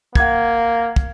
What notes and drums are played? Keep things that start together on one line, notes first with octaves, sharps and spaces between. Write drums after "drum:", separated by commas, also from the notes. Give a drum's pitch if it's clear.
A#3 F#5 G#6, drum: kick
drum: kick